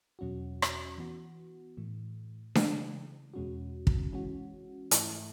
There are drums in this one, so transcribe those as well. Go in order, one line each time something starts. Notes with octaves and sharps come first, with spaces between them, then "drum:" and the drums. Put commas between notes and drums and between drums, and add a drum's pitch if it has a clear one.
E2 B2 F#3 C#4 F#4
drum: rim click
E3 B3 F#4
A2 E3 A3
C#3 E3 G#3, drum: snare D4
E2 B2 G#3 C#4 F#4
drum: kick
E3 G#3 C#4 F#4
G#2 E3 A3 E4, drum: hi-hat